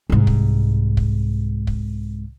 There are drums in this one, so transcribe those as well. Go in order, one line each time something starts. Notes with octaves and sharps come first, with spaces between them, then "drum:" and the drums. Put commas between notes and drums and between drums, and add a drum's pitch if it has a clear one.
C2 G#2
drum: kick
drum: kick
drum: kick